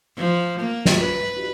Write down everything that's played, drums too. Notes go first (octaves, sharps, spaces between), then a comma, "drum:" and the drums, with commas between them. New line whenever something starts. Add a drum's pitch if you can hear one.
F3
A#3
drum: snare
B4
drum: cymbal